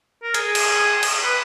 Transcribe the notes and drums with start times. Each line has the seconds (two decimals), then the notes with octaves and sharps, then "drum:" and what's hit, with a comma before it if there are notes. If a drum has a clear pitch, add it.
0.23 A#4
0.34 G#4, drum: hi-hat
0.55 drum: cymbal
1.03 drum: cymbal
1.23 B4